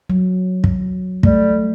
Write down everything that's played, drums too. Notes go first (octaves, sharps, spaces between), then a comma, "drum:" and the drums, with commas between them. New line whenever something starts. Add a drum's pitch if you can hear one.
F#3
drum: kick
G3 A3, drum: kick